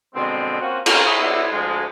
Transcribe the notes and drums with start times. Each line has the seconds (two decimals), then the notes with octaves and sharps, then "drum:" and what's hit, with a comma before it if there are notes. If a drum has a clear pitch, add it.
0.15 B2 D3 F3 G3 G#3 C4
0.60 A#3 C4 C#4 F4 F#4
0.86 A#3 C4 C#4 A#4, drum: cymbal
1.05 E4 G#5 A#5 B5 C#6 D#6
1.21 F#3 B3 D#4 E4 D5 E5
1.52 D2 F3 G#3